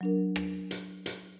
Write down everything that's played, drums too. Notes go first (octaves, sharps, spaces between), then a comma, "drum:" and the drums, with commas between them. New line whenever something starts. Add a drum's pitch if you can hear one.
F#3 D4 A#4
drum: rim click
drum: hi-hat
drum: hi-hat